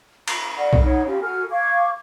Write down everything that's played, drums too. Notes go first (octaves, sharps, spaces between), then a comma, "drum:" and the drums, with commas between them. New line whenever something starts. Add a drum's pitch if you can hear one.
A#5, drum: cymbal
A4 D5 F#5
drum: kick B1
D#4 C#5 F#5
C#4 F4 G4
F#4 A4 G#5 F6
F5 C#6 D6 G#6